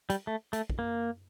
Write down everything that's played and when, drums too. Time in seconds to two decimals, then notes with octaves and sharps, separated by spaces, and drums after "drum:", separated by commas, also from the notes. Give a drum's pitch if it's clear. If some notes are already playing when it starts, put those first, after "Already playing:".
0.10 G3, drum: hi-hat
0.27 A3
0.53 A3, drum: hi-hat
0.70 drum: kick
0.79 A#3